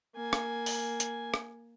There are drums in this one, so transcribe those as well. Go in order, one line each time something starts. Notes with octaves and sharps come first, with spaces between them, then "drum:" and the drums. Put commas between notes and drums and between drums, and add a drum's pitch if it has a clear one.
A#3 G#5
drum: rim click
drum: open hi-hat
drum: hi-hat
drum: rim click